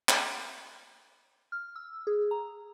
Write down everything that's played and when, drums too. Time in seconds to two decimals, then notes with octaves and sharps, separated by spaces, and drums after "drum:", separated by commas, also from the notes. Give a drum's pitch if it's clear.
0.09 drum: clap
1.52 F6
1.76 E6
2.07 G#4
2.31 A#5